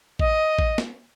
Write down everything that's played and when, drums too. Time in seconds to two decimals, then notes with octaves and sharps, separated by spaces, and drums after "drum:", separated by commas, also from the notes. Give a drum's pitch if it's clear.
0.19 D#5, drum: kick A1
0.59 drum: kick A1
0.78 drum: snare